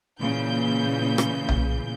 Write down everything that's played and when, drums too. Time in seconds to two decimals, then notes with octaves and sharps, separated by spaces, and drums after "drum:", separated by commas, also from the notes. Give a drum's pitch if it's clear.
0.21 A#2 C#3 E3 G6
1.18 drum: rim click
1.48 drum: tom B1